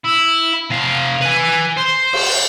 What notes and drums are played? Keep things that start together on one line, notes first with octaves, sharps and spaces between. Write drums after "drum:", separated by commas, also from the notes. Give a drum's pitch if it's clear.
E4
C3 F5
B4 G#5
C5
drum: cymbal